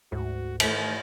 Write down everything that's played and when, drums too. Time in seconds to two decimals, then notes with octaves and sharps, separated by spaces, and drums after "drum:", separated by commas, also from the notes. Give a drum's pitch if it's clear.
0.12 D2 G#2 F#4
0.60 D#3 E3 A3, drum: cymbal